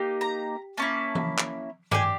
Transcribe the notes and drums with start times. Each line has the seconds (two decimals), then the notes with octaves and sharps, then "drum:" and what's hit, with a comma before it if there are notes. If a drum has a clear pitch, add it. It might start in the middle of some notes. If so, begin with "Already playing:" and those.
Already playing: A#3 D#4 G4
0.21 A#5
0.77 A#3 C#4 E4 A5
1.15 drum: tom E3
1.38 drum: clap
1.91 D4 G4 G#5, drum: tom G2